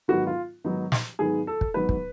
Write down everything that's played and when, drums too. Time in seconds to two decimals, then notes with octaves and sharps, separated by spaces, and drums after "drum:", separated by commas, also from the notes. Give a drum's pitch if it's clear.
0.08 G#2 D#3 F#3 B3 D#4 F#4
0.27 F4
0.64 G#2 D#3 F#3 B3 D#4
0.92 drum: snare
1.19 G#2 D#3 F#3 B3 D#4 G#4
1.47 A4
1.61 drum: kick
1.74 G#2 D#3 F#3 B3 D#4 B4
1.89 drum: kick